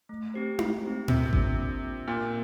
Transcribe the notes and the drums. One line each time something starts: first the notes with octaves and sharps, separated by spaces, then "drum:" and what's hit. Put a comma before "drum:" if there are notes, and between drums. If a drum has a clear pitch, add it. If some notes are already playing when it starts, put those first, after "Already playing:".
A3
C4 G4 C5
A3, drum: tom D#4
C4 G4 C5
C3 A#3, drum: tom A2
D4 F4 C5, drum: kick G#1
A#3
D4 F4 C5
A#2 A#3